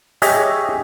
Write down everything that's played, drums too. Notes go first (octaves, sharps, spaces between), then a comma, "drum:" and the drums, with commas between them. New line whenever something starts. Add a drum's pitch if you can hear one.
G4 G#4 C#5 D#5 E5, drum: open hi-hat